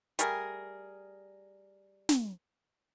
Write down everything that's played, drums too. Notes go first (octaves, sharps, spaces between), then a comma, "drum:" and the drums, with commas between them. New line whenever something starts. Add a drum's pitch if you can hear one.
G3 A3 G#4 A#4, drum: hi-hat
drum: snare